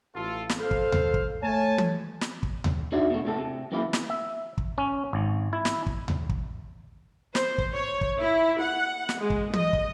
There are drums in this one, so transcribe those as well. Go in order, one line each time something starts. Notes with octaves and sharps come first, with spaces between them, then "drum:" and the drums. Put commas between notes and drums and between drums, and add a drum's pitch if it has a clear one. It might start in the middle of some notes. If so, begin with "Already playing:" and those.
A1 F4 A4
drum: snare
A4 C5 F5
drum: kick
drum: tom D#2
drum: kick
A3 C#5 G#5 A5
drum: tom
drum: snare
drum: kick
drum: tom D#2
D4 D#4 F#4 D5 E5
B2 A3
A2 C3 A4
C3
F#2 E3 A#3 E4
drum: snare
E5
drum: kick
C#4
G#1
E4
drum: snare
drum: kick
drum: tom D#2
drum: kick
C5, drum: snare
drum: kick
C#5
drum: kick
E4
F#5
drum: snare
G#3
drum: kick
D#5, drum: tom
drum: kick